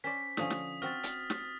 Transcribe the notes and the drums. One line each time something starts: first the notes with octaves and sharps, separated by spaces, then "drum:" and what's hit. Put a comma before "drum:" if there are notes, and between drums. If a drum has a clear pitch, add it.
C#4 C5 D5 B6
D3 F3 C#4 D#6, drum: snare
drum: snare
C4 F#4 F6 A6
drum: hi-hat
drum: snare